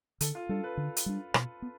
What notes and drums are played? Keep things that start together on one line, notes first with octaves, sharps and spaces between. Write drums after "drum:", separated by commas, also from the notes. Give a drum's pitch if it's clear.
D3 A4, drum: hi-hat
F4
G3 D4 A4
B4
D3
drum: hi-hat
G3 D4
B2, drum: rim click
B3